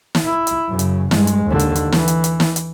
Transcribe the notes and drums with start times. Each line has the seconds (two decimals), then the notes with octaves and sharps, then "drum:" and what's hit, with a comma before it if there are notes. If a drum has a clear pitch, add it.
0.15 drum: snare
0.25 E4
0.47 drum: hi-hat
0.68 F#2 C#3
0.79 drum: hi-hat
1.11 G2 G#3, drum: snare
1.27 drum: hi-hat
1.46 D#2 D3
1.59 drum: hi-hat
1.75 drum: hi-hat
1.92 E3, drum: snare
2.08 drum: hi-hat
2.24 drum: hi-hat
2.40 drum: snare
2.56 drum: hi-hat